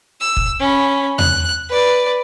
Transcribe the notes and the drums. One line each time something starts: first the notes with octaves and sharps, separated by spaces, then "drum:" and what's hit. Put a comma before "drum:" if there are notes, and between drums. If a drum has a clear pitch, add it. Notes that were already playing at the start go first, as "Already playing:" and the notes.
E6
drum: kick
C#4 B5
F#6, drum: tom E2
B4 D5